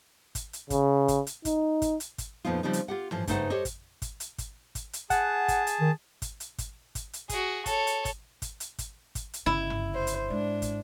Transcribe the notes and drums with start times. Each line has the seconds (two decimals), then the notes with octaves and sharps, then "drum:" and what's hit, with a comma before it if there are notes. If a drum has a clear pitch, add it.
0.35 drum: kick, hi-hat
0.53 drum: hi-hat
0.70 C#3, drum: kick, hi-hat
1.08 drum: kick, hi-hat
1.27 drum: hi-hat
1.45 D#4, drum: kick, hi-hat
1.82 drum: kick, hi-hat
2.00 drum: hi-hat
2.18 drum: kick, hi-hat
2.45 F2 A#2 F3 B3 D#4 F4
2.63 C#3 F3 G3 C4 D#4
2.73 drum: hi-hat
2.88 F4 G4 F#5
3.11 A2 E3 F3, drum: tom
3.27 G2 C#3 A3 D#4 C5 F#5, drum: kick, hi-hat
3.50 G4 A4 C5 C#5 D#5
3.65 drum: kick, hi-hat
4.02 drum: kick, hi-hat
4.20 drum: hi-hat
4.38 drum: kick, hi-hat
4.75 drum: kick, hi-hat
4.93 drum: hi-hat
5.10 G#4 F#5 A5, drum: kick, hi-hat
5.48 drum: kick, hi-hat
5.67 drum: hi-hat
5.80 D#3
6.22 drum: kick, hi-hat
6.40 drum: hi-hat
6.58 drum: kick, hi-hat
6.95 drum: kick, hi-hat
7.13 drum: hi-hat
7.29 F#4 G#4, drum: kick, hi-hat
7.66 A4 C#5, drum: kick, hi-hat
7.87 drum: hi-hat
8.05 drum: kick, hi-hat
8.42 drum: kick, hi-hat
8.60 drum: hi-hat
8.78 drum: kick, hi-hat
9.15 drum: kick, hi-hat
9.34 drum: hi-hat
9.46 G1 C#3 E4
9.70 drum: tom
9.95 C5
10.07 drum: hi-hat
10.30 G#2 D4
10.62 drum: kick, hi-hat